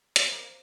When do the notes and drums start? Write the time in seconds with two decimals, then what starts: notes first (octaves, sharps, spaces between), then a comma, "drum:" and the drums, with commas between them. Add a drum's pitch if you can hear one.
0.16 C4, drum: hi-hat
0.32 A#3